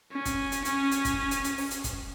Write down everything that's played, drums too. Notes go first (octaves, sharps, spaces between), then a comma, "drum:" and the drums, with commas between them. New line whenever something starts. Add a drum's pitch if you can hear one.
C#4
drum: kick, hi-hat
drum: hi-hat
C#4, drum: hi-hat
drum: hi-hat
drum: kick, hi-hat
drum: hi-hat
drum: hi-hat
drum: open hi-hat
drum: hi-hat
drum: kick, hi-hat